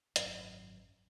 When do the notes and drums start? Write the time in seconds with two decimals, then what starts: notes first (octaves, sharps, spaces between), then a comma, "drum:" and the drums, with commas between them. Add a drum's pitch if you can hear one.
0.16 G#1 F#2 C#4, drum: hi-hat